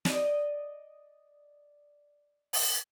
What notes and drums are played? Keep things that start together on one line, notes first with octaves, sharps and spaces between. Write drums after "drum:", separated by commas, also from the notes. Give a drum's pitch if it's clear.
D5 D#5, drum: snare
drum: open hi-hat